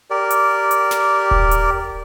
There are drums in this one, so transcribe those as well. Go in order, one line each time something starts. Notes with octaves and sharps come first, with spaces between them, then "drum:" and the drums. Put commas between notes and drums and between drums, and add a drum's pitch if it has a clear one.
G4 A#4 D5
drum: hi-hat
drum: hi-hat
drum: snare
drum: kick D#1
drum: hi-hat